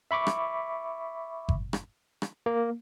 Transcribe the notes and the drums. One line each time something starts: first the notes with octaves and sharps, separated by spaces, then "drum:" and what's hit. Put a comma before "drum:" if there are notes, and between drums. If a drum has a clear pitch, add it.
E5 B5 C#6 D6
drum: rim click
drum: kick G1
drum: rim click
drum: rim click
A#3